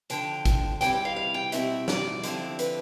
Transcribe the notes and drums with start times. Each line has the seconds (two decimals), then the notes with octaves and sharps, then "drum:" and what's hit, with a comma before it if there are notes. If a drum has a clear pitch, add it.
0.10 D2 D3 F3 G5, drum: hi-hat
0.45 drum: kick, hi-hat
0.81 E2 C3 G3 C4 E4 G5, drum: hi-hat
0.93 G5
1.05 F5
1.16 F5
1.34 G5
1.52 B2 G3 C4 E4 E5, drum: hi-hat
1.88 D5, drum: snare
2.23 D3 F3 C4 E4, drum: hi-hat
2.59 B4, drum: hi-hat